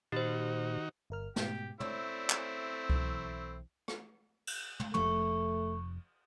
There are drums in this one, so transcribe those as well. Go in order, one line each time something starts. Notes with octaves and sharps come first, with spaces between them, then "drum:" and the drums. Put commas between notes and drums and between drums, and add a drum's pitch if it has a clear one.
A#2 D#3 D#4 F#4 G4 C5
G1 A#4 F6
G#2 B2 G4, drum: snare
A3 C4 E4 C#5 D5, drum: tom
drum: clap
B1 E3, drum: kick C2
drum: rim click
drum: cymbal
drum: tom
F1 F3 A3 C#6, drum: tom